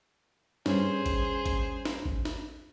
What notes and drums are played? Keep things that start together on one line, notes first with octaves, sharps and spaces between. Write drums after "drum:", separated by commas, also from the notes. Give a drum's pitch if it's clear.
G2 C#4 G#4 C5, drum: snare
drum: kick G#1, hi-hat
drum: kick G#1, hi-hat
drum: snare
drum: kick G#1
drum: snare